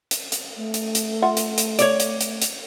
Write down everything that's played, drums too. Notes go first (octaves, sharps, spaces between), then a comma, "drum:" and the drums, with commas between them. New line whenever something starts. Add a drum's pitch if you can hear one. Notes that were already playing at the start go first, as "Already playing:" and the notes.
drum: hi-hat
drum: hi-hat
A3
drum: hi-hat
drum: hi-hat
F4 E5 F#5
drum: hi-hat
drum: hi-hat
C#5 D5, drum: hi-hat
drum: hi-hat
drum: hi-hat
drum: hi-hat